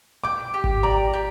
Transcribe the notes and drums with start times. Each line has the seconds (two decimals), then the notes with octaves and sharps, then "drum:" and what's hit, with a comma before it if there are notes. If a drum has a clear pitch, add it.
0.24 G5 D6
0.54 G4
0.64 drum: kick G#1
0.83 D5 A#5
1.13 G4